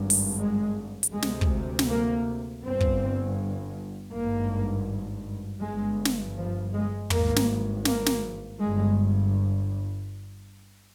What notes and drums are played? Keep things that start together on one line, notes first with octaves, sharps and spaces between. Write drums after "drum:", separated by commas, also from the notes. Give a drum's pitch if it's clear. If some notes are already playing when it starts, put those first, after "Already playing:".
Already playing: G#1 G2
drum: open hi-hat
G#3
drum: hi-hat
D2 C3 G#3
drum: snare
drum: kick
drum: snare
A#3
G1 G2 C4
drum: kick
G#1 G2 A#3
G1 G2 G#3
drum: snare
F3
G#3
G#1 G2 A#3, drum: tom
drum: snare
A#3, drum: snare
drum: snare
G1 G2 G#3